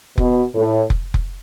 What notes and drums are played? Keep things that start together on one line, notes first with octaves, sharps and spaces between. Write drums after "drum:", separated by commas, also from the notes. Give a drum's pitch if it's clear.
B2, drum: kick F1
A2
drum: kick F1
drum: kick F1